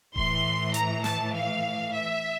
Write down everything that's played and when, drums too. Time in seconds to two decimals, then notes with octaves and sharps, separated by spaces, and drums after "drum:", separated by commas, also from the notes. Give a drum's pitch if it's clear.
0.16 A2 E3 C6, drum: kick D#1
0.74 A#5, drum: hi-hat
1.04 A5, drum: snare
1.34 F5
1.92 E5